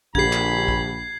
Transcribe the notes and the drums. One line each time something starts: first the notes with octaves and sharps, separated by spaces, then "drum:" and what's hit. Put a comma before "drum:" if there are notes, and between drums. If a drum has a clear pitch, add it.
A#1 D3 G4 B5 G#6 C7, drum: kick
drum: clap
drum: kick